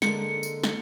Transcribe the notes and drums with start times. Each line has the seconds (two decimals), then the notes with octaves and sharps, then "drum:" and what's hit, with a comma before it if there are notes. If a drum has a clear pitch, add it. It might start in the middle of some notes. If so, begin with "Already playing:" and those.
0.02 D3 G#3 A#3 C#7, drum: snare
0.43 drum: tambourine
0.64 drum: snare